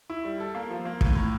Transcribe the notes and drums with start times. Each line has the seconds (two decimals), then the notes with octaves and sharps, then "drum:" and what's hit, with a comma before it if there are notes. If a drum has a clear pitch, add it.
0.10 E4
0.25 G3
0.40 A4
0.55 A#3
0.70 F3
0.85 A#3
1.01 A2, drum: kick
1.15 A2